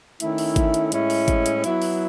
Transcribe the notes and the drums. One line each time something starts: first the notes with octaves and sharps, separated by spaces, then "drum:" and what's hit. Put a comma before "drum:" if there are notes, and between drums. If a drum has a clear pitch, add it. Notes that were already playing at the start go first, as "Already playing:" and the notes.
D#3 A3 C#4 E4, drum: hi-hat
drum: open hi-hat
drum: kick G#1, hi-hat
drum: hi-hat
A2 G#3 C#4 E4, drum: hi-hat
drum: open hi-hat
drum: kick G#1, hi-hat
drum: hi-hat
F#3 B3 E4, drum: hi-hat
drum: open hi-hat